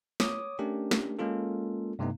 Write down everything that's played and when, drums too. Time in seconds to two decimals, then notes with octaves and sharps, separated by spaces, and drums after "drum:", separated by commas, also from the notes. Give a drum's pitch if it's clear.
0.20 C#5 D6 D#6, drum: snare
0.59 A3 C#4 D4 G4 A#4
0.91 drum: snare
1.19 G#3 A#3 C#4 F4 A4
1.99 G2 C3 A3 B3 D#4